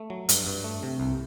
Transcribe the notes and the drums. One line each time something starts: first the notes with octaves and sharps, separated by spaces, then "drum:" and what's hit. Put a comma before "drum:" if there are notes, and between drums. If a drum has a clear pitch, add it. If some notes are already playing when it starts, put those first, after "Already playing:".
Already playing: A3
F#3
G2, drum: hi-hat
G2
A3
C3
C2